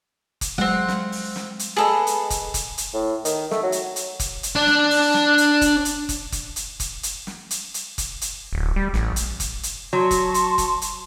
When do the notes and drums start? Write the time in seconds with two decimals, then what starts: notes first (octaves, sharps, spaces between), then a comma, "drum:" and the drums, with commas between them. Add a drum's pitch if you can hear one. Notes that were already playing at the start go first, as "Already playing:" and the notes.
0.41 drum: kick F1, hi-hat
0.58 F#3 G#3 C4 F5 F#5
0.88 drum: snare
1.12 drum: open hi-hat
1.36 drum: snare
1.59 drum: hi-hat
1.76 B3 G#4 A4 D#5
2.07 drum: hi-hat
2.30 drum: kick F1, hi-hat
2.54 drum: kick F1, hi-hat
2.78 drum: hi-hat
2.94 A2
3.25 D#3, drum: hi-hat
3.51 A3, drum: snare
3.63 F#3
3.72 drum: hi-hat
3.96 drum: hi-hat
4.20 drum: kick F1, hi-hat
4.43 drum: hi-hat
4.55 D4 D5
4.67 drum: snare
4.90 drum: open hi-hat
5.14 drum: snare
5.38 drum: hi-hat
5.61 drum: kick F1, hi-hat
5.85 drum: hi-hat
6.09 drum: kick F1, hi-hat
6.32 drum: kick F1, hi-hat
6.56 drum: hi-hat
6.80 drum: kick F1, hi-hat
7.03 drum: hi-hat
7.27 drum: snare
7.51 drum: hi-hat
7.74 drum: hi-hat
7.98 drum: kick F1, hi-hat
8.21 drum: hi-hat
8.53 D1
8.76 G3
8.94 A1, drum: snare
9.16 drum: hi-hat
9.40 drum: kick F1, hi-hat
9.63 drum: hi-hat
9.93 F#3 A5 C6 C#6
10.11 drum: kick F1, hi-hat
10.34 drum: hi-hat
10.58 drum: kick F1, hi-hat
10.82 drum: hi-hat